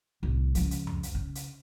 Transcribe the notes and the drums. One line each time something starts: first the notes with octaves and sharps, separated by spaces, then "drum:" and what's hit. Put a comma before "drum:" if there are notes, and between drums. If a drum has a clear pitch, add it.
C2 A2
C#2 F3, drum: hi-hat
drum: hi-hat
drum: tom F2
drum: hi-hat
C#3
drum: hi-hat